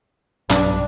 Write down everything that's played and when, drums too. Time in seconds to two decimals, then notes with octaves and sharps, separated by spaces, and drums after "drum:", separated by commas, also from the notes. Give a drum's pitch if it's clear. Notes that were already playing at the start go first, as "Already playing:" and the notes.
0.50 B1 G2 D4, drum: clap